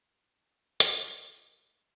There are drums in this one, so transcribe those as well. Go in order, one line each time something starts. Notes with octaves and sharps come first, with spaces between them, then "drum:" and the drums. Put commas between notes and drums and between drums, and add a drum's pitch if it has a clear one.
G#3 F4 B4 A#5 C6, drum: hi-hat